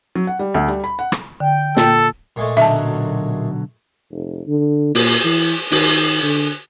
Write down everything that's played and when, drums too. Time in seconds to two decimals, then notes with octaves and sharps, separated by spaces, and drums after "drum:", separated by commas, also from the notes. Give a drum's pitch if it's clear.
0.15 F#3
0.27 F#5
0.39 G3
0.54 D2
0.68 G3
0.84 B5
0.99 F#5
1.12 drum: rim click
1.40 D3 G5
1.77 A#2 A#3 F4 A4, drum: snare
2.36 A#2 G#3 A3
2.57 B1 D3 F#3 E5 A5
4.11 F1
4.47 D3
4.95 A#2, drum: open hi-hat
5.25 E3
5.71 D#3, drum: open hi-hat
6.23 D3